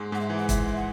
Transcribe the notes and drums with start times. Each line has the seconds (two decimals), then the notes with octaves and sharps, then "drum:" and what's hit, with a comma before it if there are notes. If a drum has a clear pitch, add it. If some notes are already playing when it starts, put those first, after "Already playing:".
Already playing: G#2 G#3
0.12 G#2 G#3 F#5
0.21 E5
0.30 E3
0.37 F#5
0.49 E5, drum: kick, hi-hat
0.76 F#5